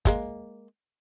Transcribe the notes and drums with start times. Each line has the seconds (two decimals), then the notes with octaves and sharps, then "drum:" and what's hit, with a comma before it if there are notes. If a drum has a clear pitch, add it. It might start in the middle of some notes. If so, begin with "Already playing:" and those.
0.05 F3 G#3 A#3, drum: kick, hi-hat